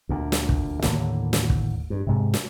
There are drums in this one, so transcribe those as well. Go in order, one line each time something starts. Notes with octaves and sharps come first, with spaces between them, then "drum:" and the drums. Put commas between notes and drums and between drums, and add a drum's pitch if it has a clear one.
D2 A#2
drum: snare
drum: kick
D#2 A2 D3 A#3, drum: snare
drum: snare
drum: kick
G2
G#2 C3
drum: snare